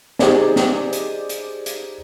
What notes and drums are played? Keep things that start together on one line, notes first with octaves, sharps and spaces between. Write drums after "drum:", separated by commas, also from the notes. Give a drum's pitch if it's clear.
D#4 G4 G#4 C5 D5 D#5, drum: snare
drum: snare
drum: hi-hat
drum: hi-hat
drum: hi-hat